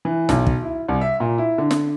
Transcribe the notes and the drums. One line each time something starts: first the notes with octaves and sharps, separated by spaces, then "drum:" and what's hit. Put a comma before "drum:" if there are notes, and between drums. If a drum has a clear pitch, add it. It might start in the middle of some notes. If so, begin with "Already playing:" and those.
E3
B1, drum: snare
drum: kick
E4
C2
E5
A#2
E4
D3
drum: snare